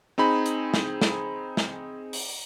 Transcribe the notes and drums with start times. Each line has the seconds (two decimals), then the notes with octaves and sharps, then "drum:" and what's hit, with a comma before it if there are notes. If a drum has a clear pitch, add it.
0.18 C4 D#4 G#4 B5
0.46 drum: hi-hat
0.74 drum: snare
1.01 drum: snare
1.57 drum: snare
2.13 drum: open hi-hat